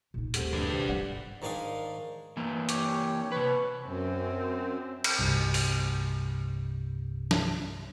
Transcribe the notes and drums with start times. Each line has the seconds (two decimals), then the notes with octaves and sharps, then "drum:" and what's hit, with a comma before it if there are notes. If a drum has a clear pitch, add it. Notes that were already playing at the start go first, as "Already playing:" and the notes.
0.14 A#2 D#4
0.34 D#2 G3 A3 C4 G#4 F#5, drum: hi-hat
0.53 A#1 G2 D3 E3 A3 D4 B4
0.70 C3 G4 C5
0.89 G#1 G3 D5 F#5
1.42 G#2 D#3 D4 F5 G#5 D#6
2.37 E3 A#3
2.69 G4 C#5 G5, drum: hi-hat
3.32 C3 B4 C#5
3.85 F#2 C4
5.04 drum: cymbal
5.19 C2 G2 C3
5.54 drum: open hi-hat
7.31 drum: snare